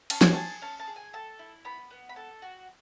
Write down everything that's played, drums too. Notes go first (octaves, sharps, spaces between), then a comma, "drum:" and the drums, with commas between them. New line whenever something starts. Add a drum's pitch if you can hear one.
C#4 A5, drum: cymbal
G#5, drum: snare
G#4 A5
C#4 A5
A5
G#4
G#5
A4 A5
E4
B3 B5
B3
B5
A4 A5
F#4